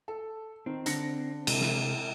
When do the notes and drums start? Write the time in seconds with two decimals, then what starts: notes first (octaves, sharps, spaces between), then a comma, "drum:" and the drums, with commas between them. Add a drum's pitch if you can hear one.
0.08 A4
0.66 D#3 C4
0.86 D3 A#6 C#7, drum: hi-hat
1.47 C3 G#3, drum: cymbal
1.61 drum: snare